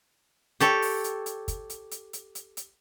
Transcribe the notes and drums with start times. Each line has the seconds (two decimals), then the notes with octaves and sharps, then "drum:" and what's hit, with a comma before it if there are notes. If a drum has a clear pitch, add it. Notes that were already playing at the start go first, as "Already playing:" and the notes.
0.60 G4 A4 C#5, drum: hi-hat
0.82 drum: open hi-hat
1.04 drum: hi-hat
1.26 drum: hi-hat
1.48 drum: kick, hi-hat
1.70 drum: hi-hat
1.91 drum: hi-hat
2.13 drum: hi-hat
2.35 drum: hi-hat
2.57 drum: hi-hat